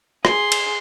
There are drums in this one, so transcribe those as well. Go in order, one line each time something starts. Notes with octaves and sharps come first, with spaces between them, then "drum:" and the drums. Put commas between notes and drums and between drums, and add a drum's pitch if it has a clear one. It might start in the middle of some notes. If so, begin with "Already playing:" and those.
G#4 C6, drum: rim click
drum: cymbal